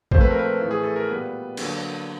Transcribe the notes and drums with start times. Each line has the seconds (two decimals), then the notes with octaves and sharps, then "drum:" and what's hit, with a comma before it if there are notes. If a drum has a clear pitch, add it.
0.11 A#2 F3 A3 C4 C5, drum: kick A#1
0.21 B4
0.31 A#4
0.39 B4
0.61 A2 E3 A3
0.71 G#4
0.83 A4
0.96 A#4
1.09 A#2 G3 B3 B4
1.57 D3 F#3 A#3, drum: cymbal